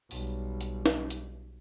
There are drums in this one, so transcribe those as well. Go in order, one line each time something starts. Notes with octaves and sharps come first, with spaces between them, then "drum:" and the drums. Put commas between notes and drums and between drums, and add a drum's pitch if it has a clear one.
B1 G3, drum: open hi-hat
drum: hi-hat
drum: snare
drum: hi-hat